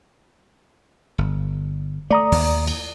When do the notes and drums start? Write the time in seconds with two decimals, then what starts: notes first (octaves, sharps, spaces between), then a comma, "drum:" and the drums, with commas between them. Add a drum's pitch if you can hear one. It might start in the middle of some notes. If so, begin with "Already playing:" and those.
1.18 G1
2.11 A3 D5 A#5 D#6
2.32 D#2, drum: open hi-hat
2.67 drum: cymbal